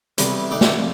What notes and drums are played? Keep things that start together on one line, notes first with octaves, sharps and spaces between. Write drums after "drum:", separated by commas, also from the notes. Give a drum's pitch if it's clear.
C3 E3 G3 A3 B3, drum: hi-hat
A3 D4 D#4 D5 G5
drum: snare
F2